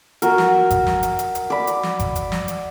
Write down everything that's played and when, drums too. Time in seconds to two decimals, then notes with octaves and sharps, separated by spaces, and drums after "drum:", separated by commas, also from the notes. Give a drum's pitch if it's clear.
0.22 F#4 A#4, drum: hi-hat
0.38 drum: snare
0.70 drum: kick G1, hi-hat
0.87 drum: snare
1.03 drum: hi-hat
1.19 drum: hi-hat
1.35 drum: hi-hat
1.50 D5 B5
1.67 drum: hi-hat
1.83 drum: snare
1.99 drum: kick G1, hi-hat
2.16 drum: hi-hat
2.32 drum: snare
2.48 drum: hi-hat